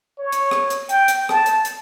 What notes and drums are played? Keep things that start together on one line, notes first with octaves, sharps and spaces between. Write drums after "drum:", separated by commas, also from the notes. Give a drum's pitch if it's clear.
C#5
drum: hi-hat
drum: rim click
drum: hi-hat
G5, drum: hi-hat
drum: hi-hat
A5, drum: rim click
drum: hi-hat
drum: hi-hat